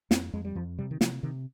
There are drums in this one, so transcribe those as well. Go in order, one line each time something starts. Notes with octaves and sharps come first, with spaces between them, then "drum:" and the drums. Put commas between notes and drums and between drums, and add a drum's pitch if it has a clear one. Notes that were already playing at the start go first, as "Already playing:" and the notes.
F2 C4, drum: snare
F2 G#3
G3
F2 F3
C3 G3
D#3
C3 F3, drum: snare
C3 D#3